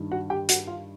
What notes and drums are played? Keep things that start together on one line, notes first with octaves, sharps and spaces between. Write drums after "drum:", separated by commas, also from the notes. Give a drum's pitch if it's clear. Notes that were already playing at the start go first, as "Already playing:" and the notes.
Already playing: G2 D#3
F#4 F#5
G4 G5
F#4 F#5, drum: hi-hat
F4 F5